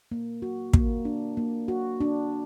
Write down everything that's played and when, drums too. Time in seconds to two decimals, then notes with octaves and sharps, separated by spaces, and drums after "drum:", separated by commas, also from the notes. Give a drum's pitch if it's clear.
0.11 A#3
0.42 F#4
0.74 A#3, drum: kick
1.05 D4
1.37 A#3
1.68 F#4
2.01 D4